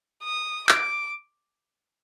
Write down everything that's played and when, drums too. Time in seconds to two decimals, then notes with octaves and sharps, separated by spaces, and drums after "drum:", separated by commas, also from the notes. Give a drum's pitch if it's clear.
0.24 D#6
0.69 D6, drum: clap